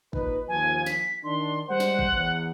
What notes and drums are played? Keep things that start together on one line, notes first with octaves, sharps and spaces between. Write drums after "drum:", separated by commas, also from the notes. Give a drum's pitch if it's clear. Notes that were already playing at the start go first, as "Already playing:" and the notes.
A#2 D#4 B4, drum: kick
D#2 F3 G#5
B6, drum: snare
D#3 D4 C6
G3 G#3 C5 F#5
drum: snare
drum: kick
E2